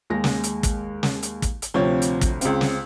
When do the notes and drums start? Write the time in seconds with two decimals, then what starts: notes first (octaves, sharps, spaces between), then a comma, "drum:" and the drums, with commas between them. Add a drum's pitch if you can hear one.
0.10 D#2 G#3 A#6
0.24 drum: snare
0.44 drum: hi-hat
0.63 drum: kick, hi-hat
1.03 drum: snare
1.23 drum: hi-hat
1.42 drum: kick, hi-hat
1.62 drum: hi-hat
1.74 D2 C3 F3 C4 C#5
2.02 drum: hi-hat
2.21 drum: kick, hi-hat
2.41 C#2 C4 F5, drum: hi-hat
2.61 drum: snare